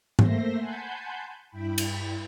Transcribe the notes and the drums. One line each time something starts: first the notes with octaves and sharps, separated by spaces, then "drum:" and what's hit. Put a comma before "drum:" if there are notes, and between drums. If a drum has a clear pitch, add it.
A3 A#3 C5 E5 C6 A#6, drum: tom G#2
F#5 G#5 A5 B5 C6 G6
G2 E4 G5 B5
drum: cymbal